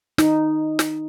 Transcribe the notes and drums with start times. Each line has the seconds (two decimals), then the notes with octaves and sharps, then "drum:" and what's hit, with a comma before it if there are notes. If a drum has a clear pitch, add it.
0.18 D#4, drum: snare
0.79 drum: snare